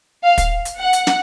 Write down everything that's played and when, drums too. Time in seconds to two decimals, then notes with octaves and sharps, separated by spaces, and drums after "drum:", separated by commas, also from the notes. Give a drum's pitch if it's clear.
0.24 F5
0.38 drum: kick, hi-hat
0.65 drum: hi-hat
0.79 F#5
0.93 drum: hi-hat
1.07 drum: snare